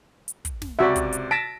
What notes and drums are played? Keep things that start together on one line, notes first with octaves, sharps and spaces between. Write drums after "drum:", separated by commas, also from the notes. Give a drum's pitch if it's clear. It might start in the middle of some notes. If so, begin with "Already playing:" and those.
drum: hi-hat
drum: kick, hi-hat
drum: snare
C#2 C3 F#4 D5 E5
drum: kick, hi-hat
drum: hi-hat
A5 A#6 B6 D7